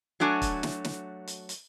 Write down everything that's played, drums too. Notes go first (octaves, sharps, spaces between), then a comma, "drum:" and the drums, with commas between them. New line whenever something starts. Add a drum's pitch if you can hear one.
F#3 A3 D4 F#4 G#5
drum: kick, hi-hat
drum: snare
drum: snare
drum: hi-hat
drum: hi-hat